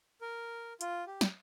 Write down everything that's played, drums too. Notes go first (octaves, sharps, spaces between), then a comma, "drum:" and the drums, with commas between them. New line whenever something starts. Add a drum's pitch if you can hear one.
A#4
F4, drum: hi-hat
G4
drum: snare